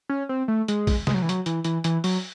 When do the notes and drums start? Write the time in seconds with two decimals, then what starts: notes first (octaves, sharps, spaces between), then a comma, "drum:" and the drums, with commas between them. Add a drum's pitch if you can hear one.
0.09 C#4
0.29 C4
0.48 A3
0.68 G#3, drum: hi-hat
0.87 drum: kick, open hi-hat
1.07 G#3, drum: snare
1.14 F#3
1.22 E3
1.29 F#3, drum: hi-hat
1.46 E3, drum: hi-hat
1.64 E3, drum: hi-hat
1.84 E3, drum: hi-hat
2.04 F#3, drum: open hi-hat